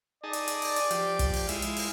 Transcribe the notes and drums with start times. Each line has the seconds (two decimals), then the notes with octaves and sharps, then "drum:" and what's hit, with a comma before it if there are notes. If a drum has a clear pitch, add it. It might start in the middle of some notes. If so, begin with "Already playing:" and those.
0.24 D#4 G#4 D5 A5
0.33 drum: hi-hat
0.48 drum: hi-hat
0.62 drum: open hi-hat
0.76 drum: hi-hat
0.91 F3 G4, drum: hi-hat
1.19 drum: kick, hi-hat
1.34 drum: open hi-hat
1.49 G#3 E4 F4, drum: hi-hat
1.62 drum: hi-hat
1.77 drum: open hi-hat